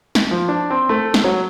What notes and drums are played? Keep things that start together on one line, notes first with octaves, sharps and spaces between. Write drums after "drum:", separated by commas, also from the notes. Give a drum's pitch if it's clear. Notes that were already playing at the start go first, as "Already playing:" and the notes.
drum: snare
F3
D4
C4
A3
drum: snare
F#3